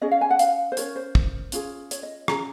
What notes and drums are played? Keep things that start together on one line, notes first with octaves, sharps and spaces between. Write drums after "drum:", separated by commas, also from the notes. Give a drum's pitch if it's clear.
C#4 G#4 D#5
F5
G#5
F#5
F5, drum: hi-hat
C5
C#4 F#4 A#4 C#5, drum: hi-hat
C5
drum: kick
C#4 F4 G#4, drum: hi-hat
C#5, drum: hi-hat
D#5
C#4 G#4 A#5, drum: rim click